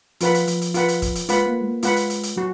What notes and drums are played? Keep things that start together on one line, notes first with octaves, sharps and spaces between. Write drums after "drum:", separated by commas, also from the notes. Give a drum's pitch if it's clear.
F3 F4 B4 F#5 B5, drum: hi-hat
drum: hi-hat
F3, drum: hi-hat
drum: hi-hat
F4 B4 F#5 B5, drum: hi-hat
drum: hi-hat
drum: kick, hi-hat
drum: hi-hat
G#3 F4 B4 F#5 B5, drum: hi-hat
A#3
G#3
A#3
G#3 F4 B4 F#5 B5, drum: hi-hat
drum: hi-hat
drum: hi-hat
drum: hi-hat
F#3 F#4